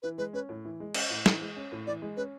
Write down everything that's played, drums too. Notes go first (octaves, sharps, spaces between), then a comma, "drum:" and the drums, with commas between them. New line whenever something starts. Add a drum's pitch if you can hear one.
E3 B4
G#3 B4
C#4 B4
A2
E3
G#3
C#4, drum: cymbal
A2
E3, drum: snare
G#3
C#4
A2
E3 D5
G#3
C#4 B4